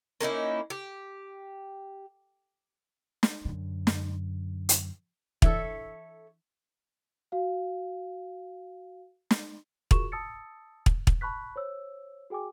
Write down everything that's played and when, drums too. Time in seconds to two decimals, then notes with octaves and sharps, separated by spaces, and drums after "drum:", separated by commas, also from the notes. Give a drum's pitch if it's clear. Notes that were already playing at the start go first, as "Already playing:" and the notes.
0.21 A#3 C#4 D#4 E4
0.70 G4
3.23 drum: snare
3.45 F#2 D3
3.87 drum: snare
4.69 drum: hi-hat
5.42 E3 D4 A4 C#5 E5, drum: kick
7.32 F#4 F5
9.31 drum: snare
9.91 F4 F#4 G#4 A#4 C#6 E7, drum: kick
10.12 A5 D#6 E6 A6 C#7
10.86 drum: kick
11.07 drum: kick
11.21 A5 B5 C#6 F#6 B6
11.56 C5 C#5 E6
12.30 F#4 G#4 G5 G#5 D6